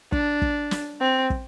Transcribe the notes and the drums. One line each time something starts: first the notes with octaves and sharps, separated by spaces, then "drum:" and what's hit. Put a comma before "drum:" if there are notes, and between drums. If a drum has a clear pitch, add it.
D4, drum: kick
drum: kick
drum: snare
C4
drum: kick